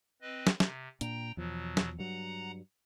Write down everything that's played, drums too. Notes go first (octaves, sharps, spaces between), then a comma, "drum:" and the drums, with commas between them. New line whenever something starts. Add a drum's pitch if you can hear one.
C4 B4 D#5
drum: snare
C3, drum: snare
A#2 D4 G5 A#5, drum: hi-hat
E2 B2 F3 F#3
drum: snare
G2 F#3 F#5 A#5